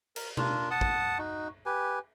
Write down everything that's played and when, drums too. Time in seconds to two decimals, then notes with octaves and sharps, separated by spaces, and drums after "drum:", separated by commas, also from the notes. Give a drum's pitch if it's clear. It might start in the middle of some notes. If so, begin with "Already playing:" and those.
0.16 A#4, drum: cymbal
0.37 D4 F4 A#4, drum: tom B2
0.71 F#5 A5 D#6
0.81 drum: kick
1.18 D#4 F#4
1.66 G4 B4 G#5